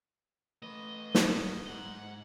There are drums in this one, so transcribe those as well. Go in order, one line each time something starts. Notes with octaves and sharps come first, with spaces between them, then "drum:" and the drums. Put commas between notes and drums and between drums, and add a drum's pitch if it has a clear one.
A3 B4 D#5
G2, drum: snare
G#2 F#5